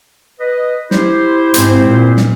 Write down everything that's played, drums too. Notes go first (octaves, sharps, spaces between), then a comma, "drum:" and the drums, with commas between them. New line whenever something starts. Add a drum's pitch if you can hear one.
B4 D#5
E4 G4 C5, drum: snare
G#2 C4, drum: hi-hat
A#2
drum: snare